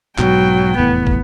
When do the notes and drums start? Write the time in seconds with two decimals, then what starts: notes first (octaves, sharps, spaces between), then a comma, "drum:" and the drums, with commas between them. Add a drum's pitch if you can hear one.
0.18 B1 G#2 B2 F#3 G5, drum: clap
0.77 F1 E2 A2 B3
1.07 drum: kick